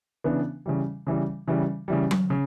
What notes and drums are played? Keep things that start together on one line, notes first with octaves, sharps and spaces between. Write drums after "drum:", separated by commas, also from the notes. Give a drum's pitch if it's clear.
C#3 E3 B3 D4
C#3 E3 G3
C#3 E3 G3
C#3 E3 G3
C#3 E3 G3
drum: tom F#3
C#3